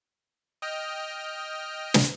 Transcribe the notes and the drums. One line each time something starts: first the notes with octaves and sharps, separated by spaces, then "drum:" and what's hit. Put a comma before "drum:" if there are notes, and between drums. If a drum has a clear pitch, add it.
D#5 G5 F6
drum: snare